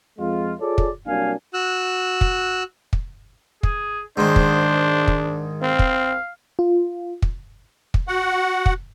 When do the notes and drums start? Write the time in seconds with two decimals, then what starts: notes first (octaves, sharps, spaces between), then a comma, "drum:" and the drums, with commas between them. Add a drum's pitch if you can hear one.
0.18 F2 G#3 F4
0.60 F4 G#4 A4 C#5 D5
0.78 drum: kick
1.07 C2 F#3 A#3 D4 F5 G#5
1.54 F#4 E6 F#6
2.21 drum: kick
2.93 drum: kick
3.63 G#4, drum: kick
4.17 G#2 D#3 D4 C5
4.36 drum: kick
5.08 drum: kick
5.62 C4 F5
5.79 drum: kick
6.59 F4
7.22 drum: kick
7.94 drum: kick
8.08 F#4 F#5
8.66 drum: kick